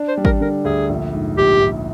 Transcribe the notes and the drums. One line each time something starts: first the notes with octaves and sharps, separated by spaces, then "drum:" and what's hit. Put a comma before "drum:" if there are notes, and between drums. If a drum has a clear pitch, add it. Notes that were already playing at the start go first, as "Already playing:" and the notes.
Already playing: D4
C5
G3
A#4, drum: kick G#1
D3 A#4
D2 G#4
A#1
G#2
A#1 G4
A#1